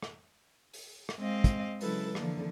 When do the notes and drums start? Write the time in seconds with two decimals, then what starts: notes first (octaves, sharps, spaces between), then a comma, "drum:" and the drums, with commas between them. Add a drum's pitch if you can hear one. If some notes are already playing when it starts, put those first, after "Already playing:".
0.03 drum: rim click
0.73 drum: open hi-hat
1.09 drum: rim click
1.18 G#3 C4 D#5 F5
1.44 drum: kick, hi-hat
1.81 C#3 F#3 G#3 E4 A4 B4, drum: open hi-hat
2.15 D3 E3 F3 A#3, drum: rim click